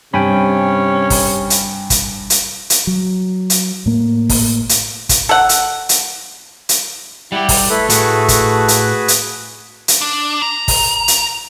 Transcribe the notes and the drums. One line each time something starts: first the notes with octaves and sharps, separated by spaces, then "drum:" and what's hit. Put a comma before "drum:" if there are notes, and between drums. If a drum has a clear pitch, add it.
G2 C3 C#4 G5 G#5 B5
drum: kick, open hi-hat
drum: hi-hat
drum: kick, hi-hat
drum: hi-hat
drum: hi-hat
F#3
drum: hi-hat
A2 A#3
drum: kick, open hi-hat
drum: hi-hat
drum: kick, hi-hat
A4 F#5
drum: hi-hat
drum: hi-hat
drum: hi-hat
G3 E4 G4 F#5
drum: kick, open hi-hat
A3 E4 A4 B4 B5
A2 F#4 G#4 B4, drum: hi-hat
drum: kick, hi-hat
drum: hi-hat
drum: hi-hat
drum: hi-hat
D4
A#5
drum: kick, open hi-hat
drum: hi-hat